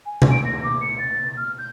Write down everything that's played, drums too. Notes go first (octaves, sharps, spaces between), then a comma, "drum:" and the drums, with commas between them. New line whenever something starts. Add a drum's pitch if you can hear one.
G#5
drum: tom B2
D7
A#6
D6
C#7
A6
F6
G6